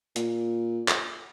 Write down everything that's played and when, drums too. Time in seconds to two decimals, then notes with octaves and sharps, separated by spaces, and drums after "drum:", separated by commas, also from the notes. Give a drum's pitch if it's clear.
0.16 A#2, drum: hi-hat
0.88 drum: clap